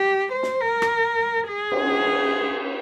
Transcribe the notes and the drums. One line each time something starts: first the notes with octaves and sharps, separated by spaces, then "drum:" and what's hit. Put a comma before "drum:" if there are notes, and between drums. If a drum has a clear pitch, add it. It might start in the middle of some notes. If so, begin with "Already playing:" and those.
Already playing: G4
C5
drum: snare
A#4
drum: rim click
G#4
drum: cymbal